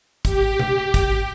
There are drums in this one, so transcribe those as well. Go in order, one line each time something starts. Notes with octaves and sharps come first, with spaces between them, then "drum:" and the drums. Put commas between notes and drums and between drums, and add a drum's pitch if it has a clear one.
G4, drum: kick, hi-hat
drum: tom B2
drum: kick, hi-hat